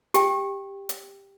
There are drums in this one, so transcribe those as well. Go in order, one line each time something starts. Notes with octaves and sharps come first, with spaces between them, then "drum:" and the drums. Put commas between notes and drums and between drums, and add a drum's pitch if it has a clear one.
G4 G5, drum: hi-hat
drum: hi-hat